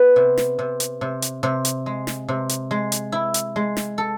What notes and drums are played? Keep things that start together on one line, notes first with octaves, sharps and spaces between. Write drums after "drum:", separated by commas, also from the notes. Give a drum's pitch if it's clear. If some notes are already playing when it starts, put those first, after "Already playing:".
Already playing: B3
C3
drum: snare
C3
drum: hi-hat
C3
drum: hi-hat
C3
drum: hi-hat
G#3
drum: snare
C3
drum: hi-hat
G#3
drum: hi-hat
E4
drum: hi-hat
G#3
drum: snare
A4